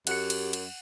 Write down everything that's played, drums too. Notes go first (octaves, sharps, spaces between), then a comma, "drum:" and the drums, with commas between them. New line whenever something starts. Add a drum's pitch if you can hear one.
F#2 G4 F#5 C#7, drum: cymbal
drum: cymbal
drum: cymbal